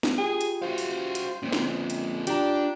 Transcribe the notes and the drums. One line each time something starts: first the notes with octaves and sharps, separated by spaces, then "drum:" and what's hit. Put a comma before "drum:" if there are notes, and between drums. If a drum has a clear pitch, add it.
drum: snare
F4 G4 G#4 G5
drum: hi-hat
F#4 C5 F5
drum: open hi-hat
drum: hi-hat
F2 A#2 C#4
drum: snare
drum: hi-hat
D4 F4 G4 A#5, drum: hi-hat